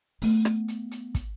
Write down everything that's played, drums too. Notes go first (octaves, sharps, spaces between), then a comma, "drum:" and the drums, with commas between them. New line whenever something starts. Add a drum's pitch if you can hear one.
A3 B3, drum: open hi-hat
drum: rim click
drum: hi-hat
drum: hi-hat
drum: kick, hi-hat